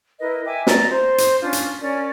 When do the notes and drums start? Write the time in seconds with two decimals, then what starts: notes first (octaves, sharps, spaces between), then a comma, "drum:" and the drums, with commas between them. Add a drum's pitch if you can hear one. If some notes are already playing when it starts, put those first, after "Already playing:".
0.19 E4 A#4 B4 D#5
0.45 E5 G5 G#5 D6
0.67 D5 A#5, drum: snare
0.89 C5
1.18 drum: hi-hat
1.41 C#4 D4 F4 D6
1.53 drum: hi-hat
1.80 C#4 A#4 D5